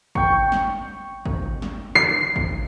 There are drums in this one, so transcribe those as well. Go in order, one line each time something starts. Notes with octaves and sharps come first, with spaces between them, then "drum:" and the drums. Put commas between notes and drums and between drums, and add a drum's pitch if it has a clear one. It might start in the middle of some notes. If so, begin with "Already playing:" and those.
G5 C#6, drum: kick G#1
drum: snare
drum: kick G#1
drum: snare
C7
drum: kick G#1